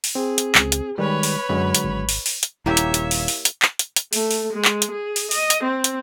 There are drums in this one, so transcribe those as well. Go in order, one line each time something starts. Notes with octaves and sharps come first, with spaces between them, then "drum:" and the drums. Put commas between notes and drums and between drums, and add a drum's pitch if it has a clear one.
drum: open hi-hat
C4 G#4
drum: hi-hat
C#2, drum: clap
drum: hi-hat
D#3 G3 G#3 B4 C#5 B5
drum: open hi-hat
F#2 D3 F#3 G#3
drum: hi-hat
G#1
drum: open hi-hat
drum: open hi-hat
drum: hi-hat
D#1 A#3 E4 G4 C#5 E5 F5
drum: hi-hat
drum: hi-hat
drum: open hi-hat
drum: open hi-hat
drum: hi-hat
drum: clap
drum: hi-hat
drum: hi-hat
A3, drum: open hi-hat
drum: open hi-hat
G#3
drum: clap
drum: hi-hat
G#4
drum: open hi-hat
D#5, drum: open hi-hat
drum: hi-hat
C4
drum: hi-hat